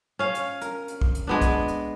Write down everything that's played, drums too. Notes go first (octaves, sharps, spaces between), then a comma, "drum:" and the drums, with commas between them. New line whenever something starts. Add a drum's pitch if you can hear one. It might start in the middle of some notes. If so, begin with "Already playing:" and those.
C#4 F5
drum: hi-hat
A#4, drum: hi-hat
drum: hi-hat
drum: kick
drum: hi-hat
G#3 B3 D4
drum: kick, hi-hat
drum: hi-hat